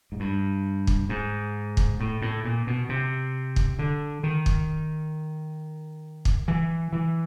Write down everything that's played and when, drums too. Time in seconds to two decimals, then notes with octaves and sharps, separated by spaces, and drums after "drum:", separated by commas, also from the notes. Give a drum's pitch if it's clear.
0.12 G#2
0.20 G2
0.87 drum: kick
1.09 G#2
1.77 drum: kick
2.00 A2
2.22 A2
2.45 A#2
2.67 B2
2.89 C3
3.56 drum: kick
3.79 D3
4.23 D#3
4.46 drum: kick
6.25 drum: kick
6.48 E3
6.93 E3